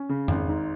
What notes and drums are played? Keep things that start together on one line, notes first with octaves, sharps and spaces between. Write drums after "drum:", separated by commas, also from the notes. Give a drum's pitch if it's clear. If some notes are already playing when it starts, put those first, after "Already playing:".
Already playing: C#4
C#3
G#1, drum: tom F2
G#2